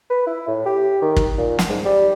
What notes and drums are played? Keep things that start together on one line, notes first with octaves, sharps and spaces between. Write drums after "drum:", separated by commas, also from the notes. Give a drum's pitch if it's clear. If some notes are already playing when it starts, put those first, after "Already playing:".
B4
E4
A2
G4
D#3
drum: kick
A#2
drum: snare
G#2
G3